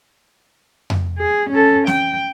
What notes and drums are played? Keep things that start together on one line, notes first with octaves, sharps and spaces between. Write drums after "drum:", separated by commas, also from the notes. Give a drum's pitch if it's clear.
drum: tom F2
G#4
C#4 A4
G5, drum: snare